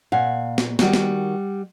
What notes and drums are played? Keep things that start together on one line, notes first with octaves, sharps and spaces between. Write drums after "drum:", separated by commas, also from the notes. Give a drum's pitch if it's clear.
A#2 F5 F#5 G#5
drum: snare
D#3 G3 F#4 F#5, drum: snare
drum: snare